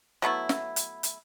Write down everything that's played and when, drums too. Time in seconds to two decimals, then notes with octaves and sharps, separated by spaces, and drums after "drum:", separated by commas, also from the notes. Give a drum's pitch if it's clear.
0.22 F#3 A3 B3 E4
0.49 drum: snare
0.76 drum: hi-hat
1.03 drum: hi-hat